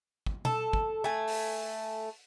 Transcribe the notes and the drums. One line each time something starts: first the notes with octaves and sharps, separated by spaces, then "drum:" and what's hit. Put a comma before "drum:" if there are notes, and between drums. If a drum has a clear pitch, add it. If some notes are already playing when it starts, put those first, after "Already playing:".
drum: kick
A4, drum: tom B2
drum: kick
A3 G#5
drum: open hi-hat